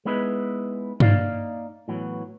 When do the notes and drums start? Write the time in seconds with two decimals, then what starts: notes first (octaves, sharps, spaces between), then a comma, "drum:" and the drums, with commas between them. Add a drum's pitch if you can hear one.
0.05 G#3 B3 D#4 E4 B4
1.00 A#3 D#4 D5 F5, drum: tom G2
1.88 A2 E3 F#3 B3